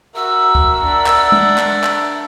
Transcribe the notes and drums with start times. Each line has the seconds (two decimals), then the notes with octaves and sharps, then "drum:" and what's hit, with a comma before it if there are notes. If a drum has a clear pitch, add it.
0.16 F#4 A#4 E5 E6
0.55 drum: kick
0.81 D4 F#5
1.06 drum: clap
1.32 drum: tom G#3
1.58 drum: clap
1.83 drum: clap